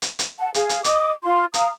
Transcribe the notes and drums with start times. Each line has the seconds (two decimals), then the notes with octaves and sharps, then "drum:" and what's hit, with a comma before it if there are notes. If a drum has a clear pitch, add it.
0.02 drum: hi-hat
0.19 drum: hi-hat
0.39 F#5 A5
0.54 G#4 F5, drum: hi-hat
0.69 drum: hi-hat
0.84 D#5 D6 D#6, drum: hi-hat
1.24 F4 C6
1.54 F5 A#5 D#6, drum: hi-hat